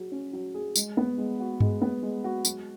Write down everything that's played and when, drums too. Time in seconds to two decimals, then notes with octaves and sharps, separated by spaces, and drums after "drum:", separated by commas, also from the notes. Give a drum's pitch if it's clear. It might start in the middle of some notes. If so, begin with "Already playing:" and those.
Already playing: F#3 G#4
0.12 C#4
0.33 F#3
0.55 G#4
0.76 G#3, drum: tambourine
0.97 B3
1.18 G#3
1.40 F#4
1.60 G#3, drum: tom G2
1.82 B3
2.03 G#3
2.24 F#4
2.45 F#3, drum: tambourine